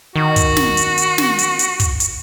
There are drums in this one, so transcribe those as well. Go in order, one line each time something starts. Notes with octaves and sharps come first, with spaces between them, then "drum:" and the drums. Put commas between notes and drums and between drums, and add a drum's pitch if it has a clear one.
D#3 F#4
drum: kick, hi-hat
drum: snare
drum: hi-hat
drum: hi-hat
drum: snare
drum: hi-hat
drum: hi-hat
drum: kick, hi-hat
drum: hi-hat